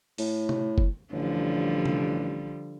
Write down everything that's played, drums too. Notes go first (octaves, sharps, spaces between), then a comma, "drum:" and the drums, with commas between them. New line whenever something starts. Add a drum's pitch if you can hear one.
A2, drum: open hi-hat
drum: tom C3
drum: kick
A1 D3 F3 G3
drum: tom C3